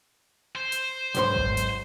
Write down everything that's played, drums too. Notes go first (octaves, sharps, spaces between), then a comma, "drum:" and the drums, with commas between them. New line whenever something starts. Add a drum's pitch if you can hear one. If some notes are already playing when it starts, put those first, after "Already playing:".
C5
drum: hi-hat
B1 G#2 C6, drum: hi-hat
drum: kick G#1
drum: hi-hat